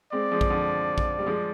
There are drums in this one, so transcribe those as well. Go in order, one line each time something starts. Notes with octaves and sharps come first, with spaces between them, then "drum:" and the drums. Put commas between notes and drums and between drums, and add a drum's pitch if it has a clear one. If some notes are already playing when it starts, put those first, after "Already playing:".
G#3 C4 D5
F3 G#3
drum: kick A#1
D3 F3
drum: kick A#1
G3
F3 G#3